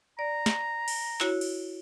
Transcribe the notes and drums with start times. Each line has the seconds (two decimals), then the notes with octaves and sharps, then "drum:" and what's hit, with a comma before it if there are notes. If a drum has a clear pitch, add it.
0.19 D5 A#5
0.46 drum: snare
0.88 drum: cymbal
1.20 E4 F#4 C#5, drum: clap
1.41 drum: cymbal